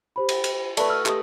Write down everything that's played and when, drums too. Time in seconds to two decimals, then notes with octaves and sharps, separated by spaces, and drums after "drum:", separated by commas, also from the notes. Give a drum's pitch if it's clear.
0.16 G4 C5 B5
0.29 drum: cymbal
0.44 drum: cymbal
0.77 A3 B4 D5 B5 C#6, drum: cymbal
0.89 E6 F6
1.06 A3 G4 D#5, drum: clap